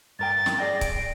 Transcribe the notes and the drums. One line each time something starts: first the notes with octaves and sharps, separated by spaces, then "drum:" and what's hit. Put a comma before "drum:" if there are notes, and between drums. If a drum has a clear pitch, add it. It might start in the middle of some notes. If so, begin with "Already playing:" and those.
G2 A#4 G5 A6
drum: snare
G#4 D5 G5 A#6
D7, drum: kick C#1, hi-hat